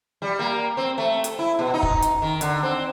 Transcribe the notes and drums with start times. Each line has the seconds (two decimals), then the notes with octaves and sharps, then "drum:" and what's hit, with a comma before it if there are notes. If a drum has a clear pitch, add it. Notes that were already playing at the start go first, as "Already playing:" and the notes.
0.22 G3
0.39 A#3
0.77 C4
0.98 A3
1.24 drum: hi-hat
1.39 E4
1.59 B2
1.74 D#4
1.83 drum: kick
2.02 drum: hi-hat
2.22 D#3
2.41 D3, drum: hi-hat
2.63 C4